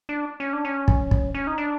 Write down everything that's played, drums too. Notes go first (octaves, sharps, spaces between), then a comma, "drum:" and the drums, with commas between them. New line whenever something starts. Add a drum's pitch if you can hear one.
D4
C#4
D4
C#4
drum: kick
drum: kick
C#4
D#4
D4